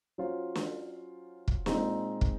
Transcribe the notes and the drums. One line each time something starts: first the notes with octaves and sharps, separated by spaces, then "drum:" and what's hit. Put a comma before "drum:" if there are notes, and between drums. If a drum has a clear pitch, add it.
F#3 C#4 F4 C5
drum: snare
drum: kick
A#2 G#3 C4 D#4, drum: snare
drum: kick